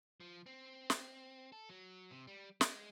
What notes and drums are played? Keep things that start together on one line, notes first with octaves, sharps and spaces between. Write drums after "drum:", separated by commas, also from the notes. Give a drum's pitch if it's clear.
F3
C4
drum: snare
A4
F#3
C3
G3
G#3, drum: snare